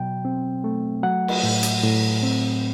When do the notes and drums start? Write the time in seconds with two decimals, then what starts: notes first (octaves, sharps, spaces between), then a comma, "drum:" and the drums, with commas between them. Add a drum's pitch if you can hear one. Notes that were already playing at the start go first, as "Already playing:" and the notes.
Already playing: B2 F#3 G5
0.25 C4
0.64 A3
1.03 F#3 F#5
1.28 drum: cymbal
1.43 A2
1.63 drum: hi-hat
1.83 A2
2.23 C4